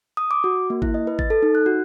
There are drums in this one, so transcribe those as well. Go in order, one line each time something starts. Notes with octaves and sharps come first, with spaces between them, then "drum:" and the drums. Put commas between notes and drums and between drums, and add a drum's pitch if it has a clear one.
D#6
D6
F#4
A#3
E4, drum: kick G#1
D#5
B4
A6, drum: kick G#1
A4
D#4
F#6
F#4